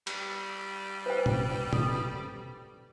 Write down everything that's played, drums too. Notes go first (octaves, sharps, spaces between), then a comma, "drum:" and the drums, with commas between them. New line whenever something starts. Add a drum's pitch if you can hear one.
G3, drum: cymbal
B4 C5 G5
drum: tom
A4, drum: tom